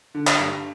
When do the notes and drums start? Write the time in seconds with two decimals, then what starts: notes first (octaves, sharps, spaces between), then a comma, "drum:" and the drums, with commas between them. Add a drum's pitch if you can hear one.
0.14 D3
0.27 F5, drum: clap
0.40 G2